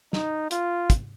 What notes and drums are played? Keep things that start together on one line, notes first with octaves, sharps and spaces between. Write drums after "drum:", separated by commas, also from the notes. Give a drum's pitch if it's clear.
D#4, drum: snare
F4, drum: hi-hat
drum: kick, hi-hat